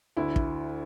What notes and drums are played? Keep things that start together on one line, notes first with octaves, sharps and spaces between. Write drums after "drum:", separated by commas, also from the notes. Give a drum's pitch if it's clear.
D2 E4
drum: kick